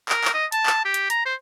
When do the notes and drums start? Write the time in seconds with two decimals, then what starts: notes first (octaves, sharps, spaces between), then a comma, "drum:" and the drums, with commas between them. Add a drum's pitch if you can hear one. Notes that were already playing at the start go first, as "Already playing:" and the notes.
0.09 A#4, drum: clap
0.24 drum: clap
0.34 D#5
0.52 A5, drum: hi-hat
0.66 drum: clap
0.85 G4
0.94 drum: hi-hat
1.10 A#5, drum: hi-hat
1.26 C5